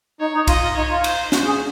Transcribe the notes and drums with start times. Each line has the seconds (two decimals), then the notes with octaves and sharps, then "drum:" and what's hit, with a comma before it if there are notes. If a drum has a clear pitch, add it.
0.21 D#4 C#5
0.35 D#4
0.47 F4 D#5, drum: kick C2, cymbal
0.62 F4
0.77 D#4 C#5
0.91 F4
1.04 C5, drum: cymbal
1.32 F#4 C5, drum: snare
1.46 G#4